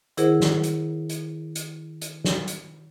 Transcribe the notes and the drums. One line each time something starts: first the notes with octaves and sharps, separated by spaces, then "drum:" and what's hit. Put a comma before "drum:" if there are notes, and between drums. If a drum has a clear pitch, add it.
D#3 E4 G#4 A#4 C5 F#5, drum: hi-hat
drum: snare
drum: hi-hat
drum: hi-hat
drum: hi-hat
drum: hi-hat
drum: snare
drum: hi-hat